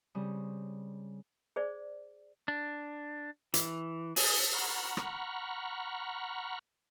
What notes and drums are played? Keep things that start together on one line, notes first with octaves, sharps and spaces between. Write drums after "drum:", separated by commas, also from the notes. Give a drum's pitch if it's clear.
C#3 G3 C4 D#6
G#4 C5 D5
D4
E3, drum: hi-hat
G#4, drum: open hi-hat
F#5 A#5 B5 C#6 F6
drum: rim click